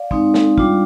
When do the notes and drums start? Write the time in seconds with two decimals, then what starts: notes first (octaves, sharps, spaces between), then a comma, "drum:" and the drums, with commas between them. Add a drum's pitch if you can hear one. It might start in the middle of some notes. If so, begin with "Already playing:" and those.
Already playing: D5 F5
0.11 G#3 C4 D#4, drum: kick
0.34 drum: snare
0.58 G3 D4 F4, drum: kick